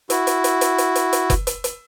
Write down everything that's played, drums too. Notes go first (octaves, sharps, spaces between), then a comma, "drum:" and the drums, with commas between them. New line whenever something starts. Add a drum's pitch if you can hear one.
E4 F#4, drum: hi-hat
drum: hi-hat
drum: hi-hat
drum: hi-hat
drum: hi-hat
drum: hi-hat
drum: hi-hat
drum: kick F#1, hi-hat
drum: hi-hat
drum: hi-hat